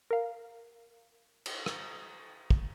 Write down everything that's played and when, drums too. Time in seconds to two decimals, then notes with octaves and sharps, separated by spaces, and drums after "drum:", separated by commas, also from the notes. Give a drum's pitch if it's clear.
0.11 A#4 F5
1.46 drum: cymbal
1.66 drum: rim click
2.51 drum: kick